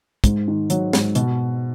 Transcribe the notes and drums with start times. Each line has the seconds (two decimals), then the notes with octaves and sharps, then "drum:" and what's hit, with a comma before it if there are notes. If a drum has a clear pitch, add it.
0.24 G#2, drum: kick, hi-hat
0.48 D#3
0.70 F#3, drum: hi-hat
0.93 G#2, drum: snare
1.15 B2, drum: hi-hat